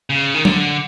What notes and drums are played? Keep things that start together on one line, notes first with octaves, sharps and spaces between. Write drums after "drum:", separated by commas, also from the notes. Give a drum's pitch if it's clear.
C#3
D#3
D3, drum: tom F#3